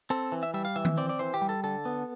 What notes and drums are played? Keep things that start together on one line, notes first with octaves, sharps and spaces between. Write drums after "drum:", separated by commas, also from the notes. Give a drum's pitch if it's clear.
C4 A4
E3
E5
G3 E5
F5
E3 E5
drum: tom D#3
C4 D5
D5
E3 C5
G4
G3
A4
D3 A4
B3